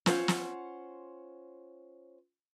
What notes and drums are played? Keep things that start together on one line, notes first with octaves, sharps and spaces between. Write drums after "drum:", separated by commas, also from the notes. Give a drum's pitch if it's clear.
C#4 F4 C5 F#5, drum: snare
drum: snare